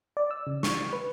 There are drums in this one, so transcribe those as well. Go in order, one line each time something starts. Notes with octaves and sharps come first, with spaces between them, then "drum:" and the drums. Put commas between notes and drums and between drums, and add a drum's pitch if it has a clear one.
D5
E6
C#3
C#6, drum: snare
B4